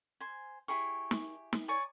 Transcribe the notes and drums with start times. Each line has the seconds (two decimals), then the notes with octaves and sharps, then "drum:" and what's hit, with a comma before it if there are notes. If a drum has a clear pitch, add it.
0.21 C5 G#5
0.68 E4 G4 G#4 C#6
1.11 drum: snare
1.53 drum: snare
1.68 C#5 D5 G#5 A#5